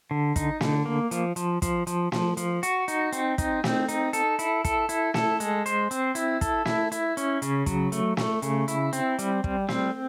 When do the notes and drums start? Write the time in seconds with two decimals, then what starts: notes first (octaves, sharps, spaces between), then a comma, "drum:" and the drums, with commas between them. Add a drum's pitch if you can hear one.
0.11 D3
0.36 D#4, drum: kick, hi-hat
0.61 D3, drum: snare
0.86 A#3
1.11 F3, drum: hi-hat
1.36 F3, drum: hi-hat
1.62 F3, drum: kick, hi-hat
1.87 F3, drum: hi-hat
2.12 F3, drum: snare
2.37 F3, drum: hi-hat
2.63 F#4, drum: hi-hat
2.88 D#4, drum: hi-hat
3.12 C4, drum: hi-hat
3.38 D#4, drum: kick, hi-hat
3.64 C4, drum: snare
3.88 D#4, drum: hi-hat
4.13 A4, drum: hi-hat
4.39 E4, drum: hi-hat
4.65 A4, drum: kick, hi-hat
4.89 E4, drum: hi-hat
5.14 A4, drum: snare
5.40 G#3, drum: hi-hat
5.66 C5, drum: hi-hat
5.91 C4, drum: hi-hat
6.15 E4, drum: hi-hat
6.41 A4, drum: kick, hi-hat
6.65 E4, drum: snare
6.92 E4, drum: hi-hat
7.17 C#4, drum: hi-hat
7.42 C#3, drum: hi-hat
7.66 F#3, drum: kick, hi-hat
7.92 A3, drum: hi-hat
8.17 A3, drum: snare
8.42 C#3, drum: hi-hat
8.68 E4, drum: hi-hat
8.93 C4, drum: hi-hat
9.19 G3, drum: hi-hat
9.44 G3, drum: kick
9.69 C4, drum: snare